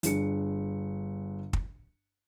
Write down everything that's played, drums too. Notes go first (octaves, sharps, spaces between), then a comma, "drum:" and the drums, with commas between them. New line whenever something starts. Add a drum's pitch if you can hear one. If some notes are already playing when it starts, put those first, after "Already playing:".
G1 D4 G#4 C#7, drum: hi-hat
drum: kick